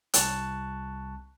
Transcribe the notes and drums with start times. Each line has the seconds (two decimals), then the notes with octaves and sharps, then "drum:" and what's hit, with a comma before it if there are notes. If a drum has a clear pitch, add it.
0.14 C2 A5 C#6 F#6, drum: hi-hat